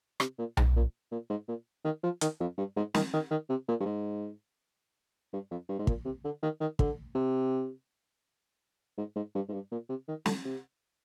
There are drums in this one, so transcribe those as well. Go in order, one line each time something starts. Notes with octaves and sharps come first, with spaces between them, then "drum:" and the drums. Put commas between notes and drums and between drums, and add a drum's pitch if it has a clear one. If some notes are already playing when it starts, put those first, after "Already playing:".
C3, drum: rim click
A#2
G#2, drum: tom B1
A#2
A#2
G#2
A#2
D#3
F3
D#3, drum: hi-hat
F2
G2
G#2
D#3, drum: snare
D#3
D#3
C3
A#2
G2
G#2
G2
F2
G2
G#2
A#2, drum: kick
C3
D3
D#3
D#3
D3, drum: kick
C3
G#2
G#2
G2
G#2
G2
A#2
C3
D#3
D3, drum: snare
C3